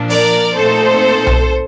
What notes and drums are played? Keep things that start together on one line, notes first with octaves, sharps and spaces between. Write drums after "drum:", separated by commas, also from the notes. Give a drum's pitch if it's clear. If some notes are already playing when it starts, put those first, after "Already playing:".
Already playing: A#2 F3 A#3 D4
A#4 D5, drum: open hi-hat
A#2 A3 C4 D#4 A4 C5
drum: tom B1